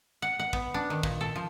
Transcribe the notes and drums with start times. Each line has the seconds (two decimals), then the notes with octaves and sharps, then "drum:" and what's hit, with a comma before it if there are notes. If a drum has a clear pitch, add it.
0.22 F#5
0.39 F#5
0.53 B3, drum: kick
0.74 D4
0.90 D#3
1.03 A#2, drum: kick
1.21 A4
1.36 F3